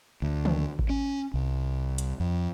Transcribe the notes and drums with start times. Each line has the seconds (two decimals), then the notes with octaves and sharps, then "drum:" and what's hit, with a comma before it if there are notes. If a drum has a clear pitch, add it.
0.22 D2
0.45 drum: tom
0.79 drum: kick G#1
0.90 C#4
1.34 C2
1.98 drum: hi-hat
2.20 F2